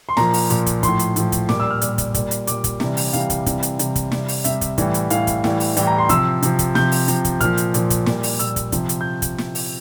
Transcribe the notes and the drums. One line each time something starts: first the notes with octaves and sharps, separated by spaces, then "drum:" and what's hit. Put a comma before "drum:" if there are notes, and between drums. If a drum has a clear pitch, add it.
C6
A#2 F3 A#5, drum: snare
drum: open hi-hat
A#2 F3, drum: hi-hat
drum: kick, hi-hat
A2 F3 C6, drum: kick, hi-hat
drum: hi-hat
A2 F3, drum: hi-hat
drum: kick, hi-hat
A#2 G3 D6, drum: snare
E6
F6
A#2 G3, drum: hi-hat
drum: kick, hi-hat
A#2 G3, drum: kick, hi-hat
drum: hi-hat
A#2 G3 D6, drum: hi-hat
drum: kick, hi-hat
C3 E3 G3, drum: snare
drum: open hi-hat
C3 E3 G3 F5, drum: hi-hat
drum: kick, hi-hat
C3 E3 G3, drum: kick, hi-hat
drum: hi-hat
C3 E3 G3, drum: hi-hat
drum: kick, hi-hat
C3 G3, drum: snare
drum: open hi-hat
C3 G3 E5, drum: hi-hat
drum: kick, hi-hat
A2 E3 G3, drum: kick, hi-hat
drum: hi-hat
A2 E3 G3 F5, drum: hi-hat
drum: kick, hi-hat
A2 E3 G3, drum: snare
drum: open hi-hat
A2 E3 G3 G5, drum: hi-hat
A#5
C6
C3 F3 E6, drum: kick, hi-hat
C3 F3, drum: hi-hat
drum: kick, hi-hat
C3 F3 G6, drum: snare
drum: open hi-hat
C3 F3, drum: hi-hat
drum: kick, hi-hat
A#2 F3 F6, drum: kick, hi-hat
drum: hi-hat
A#2 F3, drum: hi-hat
drum: kick, hi-hat
A#2 G3, drum: snare
drum: open hi-hat
A#2 G3 E6, drum: hi-hat
drum: kick, hi-hat
C3 F3, drum: kick, hi-hat
drum: hi-hat
G6
drum: kick, hi-hat
drum: snare
drum: open hi-hat